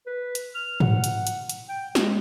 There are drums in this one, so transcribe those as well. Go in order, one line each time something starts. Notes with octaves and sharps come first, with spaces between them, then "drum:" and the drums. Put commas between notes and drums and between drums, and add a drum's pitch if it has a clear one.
B4
drum: hi-hat
F6
F#5, drum: tom G#2
drum: hi-hat
drum: hi-hat
drum: hi-hat
G5
G#3, drum: snare